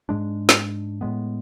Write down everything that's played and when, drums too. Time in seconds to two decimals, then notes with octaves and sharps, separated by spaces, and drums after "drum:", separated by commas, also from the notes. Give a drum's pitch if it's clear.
0.09 G#2 G#3 D4
0.49 drum: snare
1.01 A2 G#3 B3